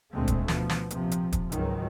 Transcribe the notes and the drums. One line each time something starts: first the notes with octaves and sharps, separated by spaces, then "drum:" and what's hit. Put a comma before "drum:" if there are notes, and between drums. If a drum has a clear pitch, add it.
D2 A#2 G#3 A3 C4
drum: kick, hi-hat
B2 F3 B3, drum: snare
drum: snare
A#1 C3 F3, drum: hi-hat
drum: hi-hat
drum: kick, hi-hat
C#2 G#2 D#3 F#3, drum: hi-hat